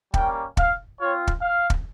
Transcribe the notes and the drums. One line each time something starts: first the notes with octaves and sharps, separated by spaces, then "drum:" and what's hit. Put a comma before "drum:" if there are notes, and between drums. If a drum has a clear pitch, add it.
G3 A#3 C#4 G5, drum: kick
F5, drum: kick
C4 F4 C#5
drum: kick
F5
drum: kick